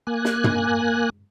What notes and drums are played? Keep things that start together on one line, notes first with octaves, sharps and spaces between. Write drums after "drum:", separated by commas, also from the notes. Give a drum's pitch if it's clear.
A#3 G#5 F#6
drum: snare
drum: tom